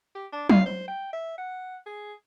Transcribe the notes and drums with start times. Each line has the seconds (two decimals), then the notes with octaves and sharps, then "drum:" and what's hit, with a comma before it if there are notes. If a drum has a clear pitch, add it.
0.15 G4
0.33 D4
0.50 F5, drum: tom F#3
0.66 C5
0.88 G5
1.13 E5
1.38 F#5
1.86 G#4